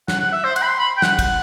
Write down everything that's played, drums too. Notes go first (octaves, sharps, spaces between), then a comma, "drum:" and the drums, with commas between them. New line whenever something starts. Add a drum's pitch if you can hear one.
F#5, drum: snare
F#5
E5
C5
F#5, drum: cymbal
B5
C6
B5
G5
F#5, drum: snare
drum: kick, cymbal